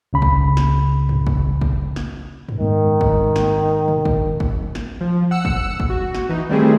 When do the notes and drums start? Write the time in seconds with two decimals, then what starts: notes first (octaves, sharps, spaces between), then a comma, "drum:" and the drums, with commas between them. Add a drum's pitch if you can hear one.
0.13 C#2 C#3 B5
0.22 drum: kick
0.57 drum: snare
1.09 drum: tom F#2
1.27 drum: kick
1.61 drum: kick
1.96 drum: snare
2.49 drum: tom F#2
2.59 G#2 D#3 G#3 B3
3.01 drum: kick
3.36 drum: snare
3.88 drum: tom A#2
4.05 drum: kick
4.40 drum: kick
4.75 drum: snare
5.01 F3
5.31 F#5 E6 C#7
5.45 drum: kick
5.80 drum: kick
5.90 F#4
6.15 drum: snare
6.29 E3 D#4
6.49 D#3 G3 A3 C4 E4 G#4